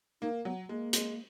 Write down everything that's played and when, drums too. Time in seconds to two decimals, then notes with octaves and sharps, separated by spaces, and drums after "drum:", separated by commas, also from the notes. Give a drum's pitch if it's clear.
0.21 A#3 D#4
0.45 F#3 B3
0.69 G#3 A#3
0.93 G#3, drum: hi-hat